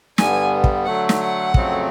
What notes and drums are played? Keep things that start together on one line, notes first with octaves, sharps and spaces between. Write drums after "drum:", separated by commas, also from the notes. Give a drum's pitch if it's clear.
G2 D3 G3 B3 G#5, drum: snare
drum: kick
D3 F#3 A3 F#5
drum: snare
F#5
F2 C#3 F#3 A3 C4, drum: kick